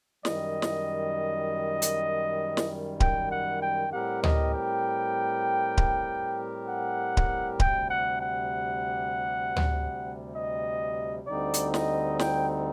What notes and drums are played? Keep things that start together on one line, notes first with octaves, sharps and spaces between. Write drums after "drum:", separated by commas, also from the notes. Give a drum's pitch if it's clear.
F#2 D#3 G3 D#5, drum: snare
drum: snare
drum: hi-hat
drum: snare
G5, drum: kick D1
F#5
G5
A2 G3 C4 G4 A#4 F#5
D#5, drum: tom D2
G5
drum: kick D1
F#5
drum: kick D1
D2 C3 G3 G5, drum: kick D1
F#5
F#5
drum: tom D2
D#5
D2 D3 G3 C4 D#4 D5
drum: hi-hat
D#5, drum: snare
G5, drum: snare